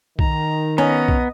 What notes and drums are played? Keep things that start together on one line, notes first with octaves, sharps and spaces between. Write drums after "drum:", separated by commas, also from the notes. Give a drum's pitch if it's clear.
D#3 A#5, drum: kick B1
B3 C#4 D#5 A#5
drum: kick B1